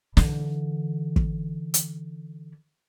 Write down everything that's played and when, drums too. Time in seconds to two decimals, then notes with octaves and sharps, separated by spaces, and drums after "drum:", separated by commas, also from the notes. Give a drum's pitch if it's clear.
0.17 D3 E3, drum: snare
1.16 drum: kick
1.74 drum: hi-hat